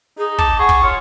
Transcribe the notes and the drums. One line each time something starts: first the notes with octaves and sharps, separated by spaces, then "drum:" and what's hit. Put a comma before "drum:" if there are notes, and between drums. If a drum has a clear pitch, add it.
D#4 G#4
A5 D6, drum: kick
G#4 F#5 C#6
drum: kick
F4 C#5